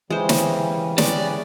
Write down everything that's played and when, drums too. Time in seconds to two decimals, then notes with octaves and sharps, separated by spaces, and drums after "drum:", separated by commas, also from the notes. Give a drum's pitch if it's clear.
0.10 C#3 E3 G3 G#3 C5
0.29 drum: snare
0.98 G#3 C#4 G4 B4 D5, drum: snare